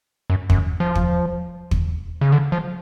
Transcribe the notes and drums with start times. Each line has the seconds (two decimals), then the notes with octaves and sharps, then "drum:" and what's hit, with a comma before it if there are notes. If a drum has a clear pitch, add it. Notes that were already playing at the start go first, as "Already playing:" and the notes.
0.30 F#2
0.50 F#2, drum: kick
0.80 F3
0.95 drum: kick
1.71 drum: kick
2.21 C#3
2.32 D3
2.52 F3